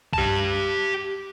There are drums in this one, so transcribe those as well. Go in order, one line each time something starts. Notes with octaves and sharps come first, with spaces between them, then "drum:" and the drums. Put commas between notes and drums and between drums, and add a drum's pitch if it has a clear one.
G4 A5, drum: kick B1